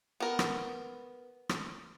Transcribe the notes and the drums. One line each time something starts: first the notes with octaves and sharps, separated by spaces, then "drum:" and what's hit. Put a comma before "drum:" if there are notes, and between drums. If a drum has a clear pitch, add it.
B3 A#4
drum: rim click
drum: rim click